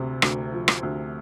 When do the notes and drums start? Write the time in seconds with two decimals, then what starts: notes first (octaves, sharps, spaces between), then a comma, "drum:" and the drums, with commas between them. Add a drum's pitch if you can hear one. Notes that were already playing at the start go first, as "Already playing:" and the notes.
Already playing: D2 C3
0.22 D2, drum: rim click
0.53 F3
0.68 drum: rim click
0.83 D2